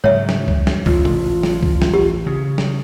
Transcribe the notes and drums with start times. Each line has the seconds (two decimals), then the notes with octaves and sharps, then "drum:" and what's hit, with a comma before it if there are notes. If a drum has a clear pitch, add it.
0.04 G#2 C#3 F#3 C#5 E5
0.29 drum: snare
0.48 drum: kick C#2
0.67 drum: snare
0.86 A1 F4, drum: kick C#2
1.05 drum: tom C3
1.43 drum: snare
1.63 drum: kick C#2
1.82 drum: snare
1.93 G4
2.26 C#3
2.58 drum: snare